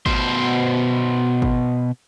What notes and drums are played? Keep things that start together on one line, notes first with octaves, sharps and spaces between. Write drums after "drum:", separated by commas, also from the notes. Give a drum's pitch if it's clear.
B2 C5, drum: kick G#1
drum: kick G#1